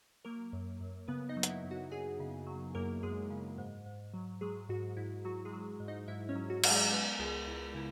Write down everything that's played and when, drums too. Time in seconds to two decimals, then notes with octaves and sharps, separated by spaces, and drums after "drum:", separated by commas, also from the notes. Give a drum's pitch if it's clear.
0.25 F#3 A#3 A#4
0.53 F#2
0.81 F#2
1.08 C#3 B3 B4
1.29 D#4 D#5
1.37 F#3
1.43 F#5, drum: hi-hat
1.49 E4 E5
1.64 F#2
1.71 F#4 F#5
1.91 F#2 G#4 G#5
2.20 C#3
2.47 F#3
2.75 F#2 A#3 A#4
3.03 F#2 G#3 G#4
3.31 C#3
3.58 G#2
3.86 G#2
4.14 F#3
4.41 F#3 G#3 G#4
4.69 G#2 F#4
4.97 G#2 E4
5.25 F#3 F#4
5.45 G#3 G#4
5.53 F#3
5.80 G#2
5.88 D#4 D#5
6.08 G#2 E4 E5
6.29 C#4 C#5
6.35 F#3
6.50 F#4
6.64 F#3, drum: cymbal
6.70 G#3 G#4
6.91 G#3 B3 B4
7.12 A#4
7.19 C#2 G#3 G#4
7.47 C#2 E4
7.75 C#3 E4